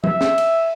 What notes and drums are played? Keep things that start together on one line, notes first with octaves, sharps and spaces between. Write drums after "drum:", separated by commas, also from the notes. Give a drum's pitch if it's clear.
E5, drum: tom E3
drum: snare
drum: cymbal